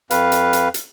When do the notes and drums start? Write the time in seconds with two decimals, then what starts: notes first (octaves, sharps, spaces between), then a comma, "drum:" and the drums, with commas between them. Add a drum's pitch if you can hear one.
0.11 F2 B4 F5, drum: hi-hat
0.32 drum: hi-hat
0.53 drum: hi-hat
0.74 drum: hi-hat